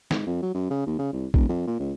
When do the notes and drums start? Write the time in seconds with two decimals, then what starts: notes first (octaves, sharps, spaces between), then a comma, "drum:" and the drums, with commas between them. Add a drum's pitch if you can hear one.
0.11 G#2, drum: snare
0.27 F2
0.42 F#3
0.54 F#2
0.71 C#3
0.86 D#2
0.99 C#3
1.13 C2
1.34 E1, drum: kick A#1
1.49 F2
1.67 A#2
1.80 C#2